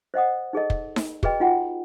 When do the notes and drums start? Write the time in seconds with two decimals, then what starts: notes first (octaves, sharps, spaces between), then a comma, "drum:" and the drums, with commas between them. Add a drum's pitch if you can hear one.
0.14 C5 D#5 F#5 D#6
0.53 D#4 G#4 A4 D#5
0.70 drum: kick
0.96 drum: snare D#4
1.23 F#4 G#4 B4 D#5 G5, drum: kick
1.40 D#4 F4 F#4 F#5 G5